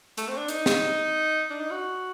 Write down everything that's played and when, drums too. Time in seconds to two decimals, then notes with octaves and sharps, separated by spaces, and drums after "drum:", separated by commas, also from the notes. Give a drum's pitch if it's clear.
0.18 A3, drum: hi-hat
0.28 C4
0.37 D4
0.48 D#4, drum: hi-hat
0.66 drum: snare
1.50 D4
1.60 D#4
1.71 F#4